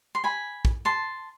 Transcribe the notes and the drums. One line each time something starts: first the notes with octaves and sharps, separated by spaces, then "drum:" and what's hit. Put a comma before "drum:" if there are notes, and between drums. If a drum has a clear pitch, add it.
C6
G#5 B5
drum: kick
A5 C6